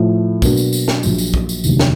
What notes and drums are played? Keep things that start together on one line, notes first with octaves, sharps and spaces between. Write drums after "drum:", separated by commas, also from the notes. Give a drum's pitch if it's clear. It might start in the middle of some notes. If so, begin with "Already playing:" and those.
Already playing: A2 F3 A3
B2 F#3 A#3 D4 F#4, drum: kick, tambourine
drum: tambourine
drum: tambourine
drum: snare
A#1 A#2 F#3, drum: tambourine
drum: tambourine
drum: kick
drum: tambourine
F1 D#2 D3 F#3, drum: tambourine
drum: snare